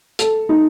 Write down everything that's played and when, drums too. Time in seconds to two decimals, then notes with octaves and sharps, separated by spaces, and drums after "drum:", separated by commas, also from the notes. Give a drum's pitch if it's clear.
0.19 A4, drum: hi-hat
0.49 D#4